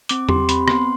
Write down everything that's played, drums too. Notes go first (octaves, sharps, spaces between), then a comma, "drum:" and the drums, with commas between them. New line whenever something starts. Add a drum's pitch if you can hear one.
C4 D6, drum: hi-hat
G4 C6, drum: tom E2
C4 B5, drum: hi-hat
B3 C6, drum: rim click